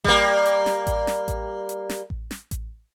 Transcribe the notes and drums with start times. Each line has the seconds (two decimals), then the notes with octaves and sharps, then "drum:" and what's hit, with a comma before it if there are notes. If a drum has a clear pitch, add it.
0.04 G3 A#3, drum: kick A1
0.46 drum: hi-hat
0.66 drum: snare
0.87 drum: kick A1, hi-hat
1.07 drum: snare
1.28 drum: kick A1, hi-hat
1.69 drum: hi-hat
1.89 drum: snare
2.10 drum: kick A1
2.31 drum: snare
2.51 drum: kick A1, hi-hat